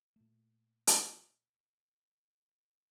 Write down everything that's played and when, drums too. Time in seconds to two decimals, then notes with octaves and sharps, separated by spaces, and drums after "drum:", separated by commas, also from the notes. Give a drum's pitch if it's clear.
0.16 A#2 A3
0.87 drum: hi-hat